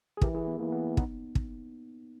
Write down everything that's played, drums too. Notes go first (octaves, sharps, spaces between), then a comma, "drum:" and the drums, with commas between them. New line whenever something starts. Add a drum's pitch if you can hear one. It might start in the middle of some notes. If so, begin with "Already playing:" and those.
G#4
E3 G4 A#4, drum: kick
E4 G#4
B3
E3 A#3
B3
B3 D#4, drum: kick
drum: kick